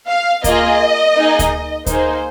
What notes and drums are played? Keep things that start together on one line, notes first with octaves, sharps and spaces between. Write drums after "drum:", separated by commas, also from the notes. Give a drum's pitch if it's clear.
F5
A#3 F4 G#4 D#5, drum: kick D2, hi-hat
A#3 D#4 G#4
drum: kick D2, hi-hat
A#3 D#4 G#4 C5, drum: kick D2, hi-hat